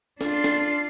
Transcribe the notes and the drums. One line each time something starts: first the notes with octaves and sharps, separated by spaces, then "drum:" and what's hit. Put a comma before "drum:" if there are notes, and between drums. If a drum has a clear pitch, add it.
D4 F4, drum: snare
drum: snare